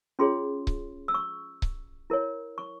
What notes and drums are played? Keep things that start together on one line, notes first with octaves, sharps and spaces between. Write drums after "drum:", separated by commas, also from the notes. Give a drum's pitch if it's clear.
C#4 F4 G#4 C#5 C6
drum: kick C#1
E6
C#6
drum: kick C#1
E4 A#4 C#5
C#6